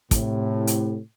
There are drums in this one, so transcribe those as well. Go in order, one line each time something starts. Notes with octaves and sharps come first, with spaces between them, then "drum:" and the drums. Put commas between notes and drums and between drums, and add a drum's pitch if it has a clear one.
A2 C3, drum: kick, hi-hat
drum: hi-hat